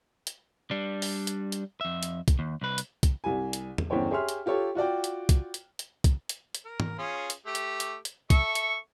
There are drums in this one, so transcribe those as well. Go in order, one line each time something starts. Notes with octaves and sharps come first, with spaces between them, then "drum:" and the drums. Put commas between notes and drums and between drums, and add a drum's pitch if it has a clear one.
drum: hi-hat
G3 D4
drum: open hi-hat
drum: hi-hat
drum: hi-hat
F2 E5
drum: hi-hat
drum: kick, hi-hat
D#2
C2 B4
drum: hi-hat
drum: kick, hi-hat
C2 G3 G#5
drum: hi-hat
drum: tom E2
G1 E2 C#4 C5 C#5 G5
G4 G#4 C#5 E5 C6 F6
drum: hi-hat
F4 G4 A4 C#5
F4 F#4 D5 G5
drum: hi-hat
drum: kick, hi-hat
drum: hi-hat
drum: hi-hat
drum: kick, hi-hat
drum: hi-hat
drum: hi-hat
A#4
drum: tom
C#4 F4 G#4
drum: hi-hat
A3 G4
drum: hi-hat
drum: hi-hat
drum: hi-hat
A4 E5 C#6, drum: kick, hi-hat
drum: hi-hat